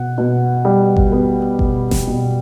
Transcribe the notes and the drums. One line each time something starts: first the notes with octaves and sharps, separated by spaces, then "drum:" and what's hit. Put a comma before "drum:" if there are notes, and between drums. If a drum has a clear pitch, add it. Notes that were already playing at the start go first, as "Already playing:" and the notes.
Already playing: B2 F#5
B2
G3
drum: kick G#1
B3
B2, drum: kick G#1
drum: snare F1
B2